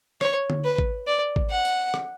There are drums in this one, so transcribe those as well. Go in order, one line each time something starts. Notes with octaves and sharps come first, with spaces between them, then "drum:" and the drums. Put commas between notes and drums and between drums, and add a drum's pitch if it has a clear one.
C#5, drum: rim click
drum: tom D3
B4
drum: kick
D5
drum: kick
F#5
drum: tambourine
drum: rim click